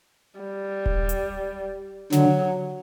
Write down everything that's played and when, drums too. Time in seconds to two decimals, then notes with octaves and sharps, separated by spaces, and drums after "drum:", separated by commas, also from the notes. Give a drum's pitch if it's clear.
0.40 G3
0.86 drum: kick D#1
1.09 drum: hi-hat
2.12 D3 F#3, drum: snare